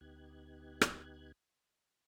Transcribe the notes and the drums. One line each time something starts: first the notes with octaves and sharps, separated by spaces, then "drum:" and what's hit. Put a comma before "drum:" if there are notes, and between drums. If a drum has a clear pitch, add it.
D2 B3 D#4 G4 F#6 G#6
drum: rim click